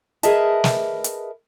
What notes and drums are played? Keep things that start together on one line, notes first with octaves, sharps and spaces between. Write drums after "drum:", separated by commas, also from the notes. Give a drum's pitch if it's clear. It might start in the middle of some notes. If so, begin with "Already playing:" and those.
G#4 A#4 B4 D#5 E5 A5, drum: hi-hat
drum: snare
drum: hi-hat